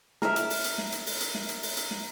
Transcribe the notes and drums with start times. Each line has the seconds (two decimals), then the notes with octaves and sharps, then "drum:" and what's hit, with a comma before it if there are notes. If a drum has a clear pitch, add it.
0.22 A#4 E5, drum: snare
0.36 drum: hi-hat
0.50 drum: open hi-hat
0.64 drum: hi-hat
0.78 drum: snare
0.92 drum: hi-hat
1.06 drum: open hi-hat
1.20 drum: hi-hat
1.35 drum: snare
1.49 drum: hi-hat
1.63 drum: open hi-hat
1.77 drum: hi-hat
1.91 drum: snare